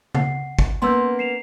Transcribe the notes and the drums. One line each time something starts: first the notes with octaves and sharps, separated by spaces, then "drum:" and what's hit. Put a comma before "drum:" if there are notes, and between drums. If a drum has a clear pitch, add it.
F#5 C7, drum: tom
drum: kick
A#3 B3 C#4 C6 E6 G6
C7 E7 F7